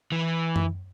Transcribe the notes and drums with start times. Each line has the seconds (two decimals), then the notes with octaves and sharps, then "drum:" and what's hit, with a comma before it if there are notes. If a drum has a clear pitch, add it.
0.12 E3 E4
0.56 drum: tom F#2